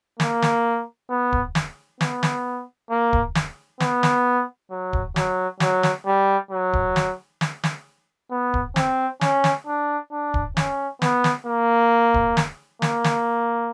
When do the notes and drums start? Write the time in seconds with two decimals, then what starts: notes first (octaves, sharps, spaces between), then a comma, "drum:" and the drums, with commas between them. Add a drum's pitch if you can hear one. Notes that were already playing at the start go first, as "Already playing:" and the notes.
0.20 A#3, drum: snare
0.42 drum: snare
1.10 B3
1.33 drum: kick
1.55 drum: snare
2.01 B3, drum: snare
2.23 drum: snare
2.90 A#3
3.13 drum: kick
3.35 drum: snare
3.80 B3, drum: snare
4.03 drum: snare
4.71 F#3
4.93 drum: kick
5.16 F#3, drum: snare
5.60 F#3, drum: snare
5.83 drum: snare
6.06 G3
6.51 F#3
6.73 drum: kick
6.96 drum: snare
7.41 drum: snare
7.64 drum: snare
8.31 B3
8.54 drum: kick
8.76 C4, drum: snare
9.21 C#4, drum: snare
9.44 drum: snare
9.67 D4
10.12 D4
10.34 drum: kick
10.57 C#4, drum: snare
11.02 B3, drum: snare
11.24 drum: snare
11.46 A#3
12.14 drum: kick
12.37 drum: snare
12.82 A#3, drum: snare
13.04 drum: snare